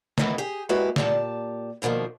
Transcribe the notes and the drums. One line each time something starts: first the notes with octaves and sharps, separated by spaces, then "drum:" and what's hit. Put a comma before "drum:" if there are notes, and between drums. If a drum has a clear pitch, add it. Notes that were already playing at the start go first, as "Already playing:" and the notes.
D#2 D#3 E3 G#3 B3, drum: snare
G4 G#4
G#3 A#3 E4 F#4 G4 B4
A#2 G4 A5, drum: snare
G2 B2 D#3 F3 A#3